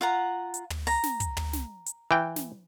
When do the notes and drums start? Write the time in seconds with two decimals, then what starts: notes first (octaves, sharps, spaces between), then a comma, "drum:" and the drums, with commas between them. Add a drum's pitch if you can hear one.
0.01 F4 F#5 A#5
0.54 drum: hi-hat
0.70 drum: tom
0.87 A#5, drum: open hi-hat
1.03 drum: snare
1.20 drum: kick, hi-hat
1.37 drum: tom
1.53 drum: snare
1.86 drum: hi-hat
2.11 E3 G5
2.36 drum: snare